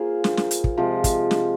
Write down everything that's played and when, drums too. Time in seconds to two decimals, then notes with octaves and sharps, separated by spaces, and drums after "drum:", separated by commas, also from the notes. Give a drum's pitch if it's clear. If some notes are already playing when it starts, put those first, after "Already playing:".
Already playing: A#3 F4 G#4 C5
0.24 drum: snare
0.37 drum: snare
0.51 drum: hi-hat
0.64 drum: kick
0.77 C3 F3 G#3
1.04 drum: kick, hi-hat
1.31 drum: snare